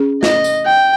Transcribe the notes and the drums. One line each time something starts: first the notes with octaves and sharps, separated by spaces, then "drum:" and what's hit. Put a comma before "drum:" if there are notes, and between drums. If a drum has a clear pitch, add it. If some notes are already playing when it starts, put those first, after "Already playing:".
Already playing: C#4 G#4
D#5, drum: snare
drum: tambourine
G5